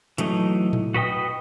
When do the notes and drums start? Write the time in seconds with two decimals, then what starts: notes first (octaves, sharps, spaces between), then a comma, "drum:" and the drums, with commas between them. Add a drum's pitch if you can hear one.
0.18 E3 F#3 A3 D#4, drum: hi-hat
0.73 drum: tom A2
0.94 F#4 B4 D#5 G5 D#6